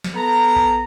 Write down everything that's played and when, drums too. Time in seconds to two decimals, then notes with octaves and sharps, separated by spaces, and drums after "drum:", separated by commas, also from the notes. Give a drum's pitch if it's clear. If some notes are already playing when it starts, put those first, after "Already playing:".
0.04 drum: snare
0.15 B3 A4 A#5
0.56 drum: kick A1